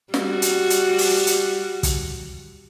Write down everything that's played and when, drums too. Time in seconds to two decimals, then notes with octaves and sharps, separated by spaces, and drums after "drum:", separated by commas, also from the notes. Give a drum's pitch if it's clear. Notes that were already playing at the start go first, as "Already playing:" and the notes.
0.14 G3 F#4, drum: snare
0.42 drum: hi-hat
0.70 drum: hi-hat
0.98 drum: open hi-hat
1.27 drum: hi-hat
1.83 drum: kick, hi-hat